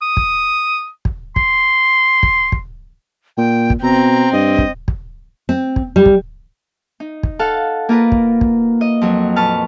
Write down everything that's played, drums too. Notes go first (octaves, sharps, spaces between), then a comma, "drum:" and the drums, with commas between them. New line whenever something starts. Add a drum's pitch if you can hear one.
D#6
drum: kick
drum: kick
C6, drum: kick
drum: kick
drum: kick
A#2 G5
drum: kick
B2 C4 A#5
G2 D#5
drum: kick
drum: kick
C4
drum: kick
G3
drum: kick
D#4
drum: kick
A4 F5 F#5
A#3 F4 A#4 B4
drum: kick
drum: kick
D#5
F2 F#3
A#2 B4 A5 C#6 F6